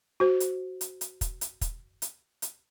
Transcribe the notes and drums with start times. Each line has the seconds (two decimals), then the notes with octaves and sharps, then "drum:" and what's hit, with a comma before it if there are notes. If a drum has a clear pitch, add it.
0.20 F#4 C5
0.40 drum: hi-hat
0.81 drum: hi-hat
1.01 drum: hi-hat
1.21 drum: kick, hi-hat
1.41 drum: hi-hat
1.61 drum: kick, hi-hat
2.02 drum: hi-hat
2.42 drum: hi-hat